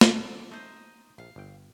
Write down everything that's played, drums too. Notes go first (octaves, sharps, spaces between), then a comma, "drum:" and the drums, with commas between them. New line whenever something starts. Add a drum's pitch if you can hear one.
F#2 B2 A4, drum: snare
A4 D5
A3 D#4 C5 D#5
A#1 F5
G1 G5